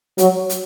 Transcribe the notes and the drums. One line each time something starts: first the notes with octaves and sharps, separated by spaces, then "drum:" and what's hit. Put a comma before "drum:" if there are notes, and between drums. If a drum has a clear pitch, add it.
F#3, drum: hi-hat
drum: hi-hat